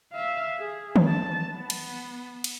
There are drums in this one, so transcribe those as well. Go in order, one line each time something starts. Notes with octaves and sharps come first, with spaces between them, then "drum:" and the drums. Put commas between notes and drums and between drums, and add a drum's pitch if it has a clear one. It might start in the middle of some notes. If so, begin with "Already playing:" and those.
E5 F5
G#4
drum: tom
A5
B3
drum: cymbal
drum: cymbal